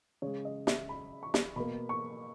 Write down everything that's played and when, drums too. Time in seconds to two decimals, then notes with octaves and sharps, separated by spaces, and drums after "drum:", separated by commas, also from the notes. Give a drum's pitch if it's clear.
0.22 C#3 G#3 C#5
0.45 D#5
0.67 E5, drum: snare
0.89 B5
1.23 C#6
1.34 drum: snare
1.56 B2 A#3 B5
1.89 C#6